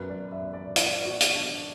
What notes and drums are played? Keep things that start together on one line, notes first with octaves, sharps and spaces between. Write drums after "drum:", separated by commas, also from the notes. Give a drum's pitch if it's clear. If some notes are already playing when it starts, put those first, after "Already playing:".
Already playing: F#2 F#3 B4
D5
E5
D5
D5, drum: hi-hat
F#4
drum: hi-hat
D4